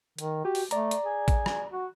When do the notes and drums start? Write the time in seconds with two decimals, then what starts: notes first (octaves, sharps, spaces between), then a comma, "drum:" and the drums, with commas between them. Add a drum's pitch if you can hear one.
0.18 D#3, drum: hi-hat
0.45 F#4 G4
0.55 drum: open hi-hat
0.71 A3 D5 A#5, drum: hi-hat
0.91 drum: hi-hat
1.06 G#4
1.28 drum: kick A1, hi-hat
1.46 drum: rim click
1.71 F#4